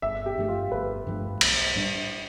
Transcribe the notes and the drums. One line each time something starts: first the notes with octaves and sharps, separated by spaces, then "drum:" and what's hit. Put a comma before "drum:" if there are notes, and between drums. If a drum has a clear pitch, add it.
G1 E5
G4
G2 F3 A3
F4
G1 B4
G2 F3 A3
B1, drum: cymbal
A2 G3 D4